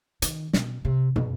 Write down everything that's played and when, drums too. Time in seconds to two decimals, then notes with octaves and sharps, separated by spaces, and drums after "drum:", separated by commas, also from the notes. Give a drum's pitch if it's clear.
0.22 D#3, drum: hi-hat
0.53 B2, drum: snare
0.85 C3
1.16 B2, drum: tom